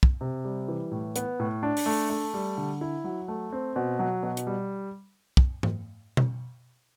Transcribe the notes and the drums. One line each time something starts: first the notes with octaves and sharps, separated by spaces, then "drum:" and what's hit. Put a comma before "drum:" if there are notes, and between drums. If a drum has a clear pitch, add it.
drum: kick
C3
G3
E3
A2
B3, drum: hi-hat
A2
D4
drum: open hi-hat
A3
A3
G3
D3
E4
F#3
A3
C4
B2
F#3
B2
drum: hi-hat
G3
drum: kick
drum: tom G#2
drum: tom